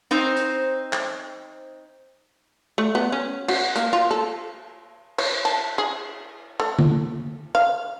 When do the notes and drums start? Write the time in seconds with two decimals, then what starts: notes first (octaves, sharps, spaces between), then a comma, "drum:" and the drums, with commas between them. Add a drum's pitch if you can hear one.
0.11 C4 D#4 C5
0.36 drum: hi-hat
0.93 drum: clap
2.78 A3
2.95 B3
3.12 C#4
3.48 F#4, drum: cymbal
3.76 A#3, drum: hi-hat
3.93 F4
4.11 A4
5.18 C#5, drum: cymbal
5.45 A5, drum: cymbal
5.78 G#4
6.60 A3
6.79 drum: tom D3
7.55 F5